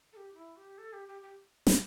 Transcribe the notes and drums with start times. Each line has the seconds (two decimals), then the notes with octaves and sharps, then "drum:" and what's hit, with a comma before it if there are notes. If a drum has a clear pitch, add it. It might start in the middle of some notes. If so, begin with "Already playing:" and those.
0.12 A4
0.16 G4
0.34 E4
0.56 G4
0.78 A4
0.92 G4
1.08 G4
1.22 G4
1.67 drum: snare